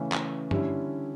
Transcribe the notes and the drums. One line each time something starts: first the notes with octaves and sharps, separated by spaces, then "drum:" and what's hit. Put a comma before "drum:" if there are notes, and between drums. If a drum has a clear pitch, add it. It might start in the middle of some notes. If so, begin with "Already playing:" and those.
Already playing: C#3 E3 A3 C#4
drum: clap
D3 G3 C#4 E4, drum: tom